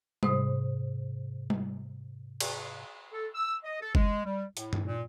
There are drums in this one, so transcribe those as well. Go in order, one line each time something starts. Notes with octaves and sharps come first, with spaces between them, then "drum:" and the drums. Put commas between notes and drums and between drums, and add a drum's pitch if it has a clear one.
G#2 C3 C5 D#6, drum: tom G3
drum: tom G3
drum: cymbal
A4
E6
D#5
A4
G#3, drum: kick
G3
A2, drum: hi-hat
drum: tom G2
A#2